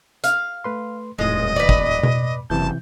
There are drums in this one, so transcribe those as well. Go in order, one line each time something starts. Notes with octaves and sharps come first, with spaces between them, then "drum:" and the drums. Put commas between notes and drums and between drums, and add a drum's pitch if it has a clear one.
F5, drum: hi-hat
A3 B4 C6
D#1 F2 A2 G#3 D#5
B4 D5
drum: kick
drum: tom B2
F#1 C3 E3 A5 G6